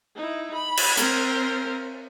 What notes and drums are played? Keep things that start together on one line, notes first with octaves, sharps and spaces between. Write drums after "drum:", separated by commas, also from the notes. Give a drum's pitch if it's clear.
D#4 E4
B5
drum: cymbal
C4 A#4, drum: hi-hat